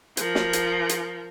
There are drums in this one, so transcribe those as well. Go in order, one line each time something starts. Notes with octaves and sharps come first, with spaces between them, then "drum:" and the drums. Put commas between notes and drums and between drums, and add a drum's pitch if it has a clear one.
F3 A#4, drum: hi-hat
drum: snare
drum: hi-hat
drum: hi-hat